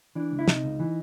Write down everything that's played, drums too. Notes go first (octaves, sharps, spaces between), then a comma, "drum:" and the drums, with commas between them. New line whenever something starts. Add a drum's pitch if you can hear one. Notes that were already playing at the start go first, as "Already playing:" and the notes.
E3 D4
C#2
E4
C3 D#4, drum: snare
C#2
E3